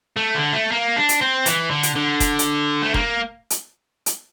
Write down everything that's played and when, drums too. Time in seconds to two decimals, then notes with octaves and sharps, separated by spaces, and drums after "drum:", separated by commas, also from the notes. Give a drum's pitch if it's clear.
0.16 A3
0.35 D3
0.53 A3
0.72 A#3
0.96 D4
1.09 drum: hi-hat
1.21 C4
1.46 E3, drum: hi-hat
1.71 D3
1.83 drum: hi-hat
1.96 D3
2.20 drum: kick F1, hi-hat
2.39 drum: hi-hat
2.83 A3
2.94 A#3, drum: kick F1
3.50 drum: hi-hat
4.06 drum: hi-hat